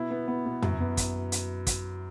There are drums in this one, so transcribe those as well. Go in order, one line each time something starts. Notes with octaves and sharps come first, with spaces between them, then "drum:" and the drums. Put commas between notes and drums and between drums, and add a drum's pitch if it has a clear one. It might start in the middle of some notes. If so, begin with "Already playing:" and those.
Already playing: B2 E4
B3
B3
B2
F#2, drum: tom F2
B3
drum: kick, hi-hat
drum: hi-hat
drum: kick, hi-hat